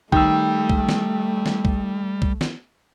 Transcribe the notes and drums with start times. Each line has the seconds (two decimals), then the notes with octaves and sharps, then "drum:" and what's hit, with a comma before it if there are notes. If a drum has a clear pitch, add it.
0.12 D#3 G3 A3 G5 E6, drum: kick
0.70 drum: kick
0.89 drum: snare
1.46 drum: snare
1.65 drum: kick
2.22 drum: kick
2.41 drum: snare